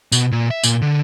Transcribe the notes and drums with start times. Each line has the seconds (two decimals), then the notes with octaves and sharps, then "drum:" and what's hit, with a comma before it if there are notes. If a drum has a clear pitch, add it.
0.12 B2, drum: tambourine
0.32 A#2
0.51 E5
0.63 A#2, drum: tambourine
0.82 D3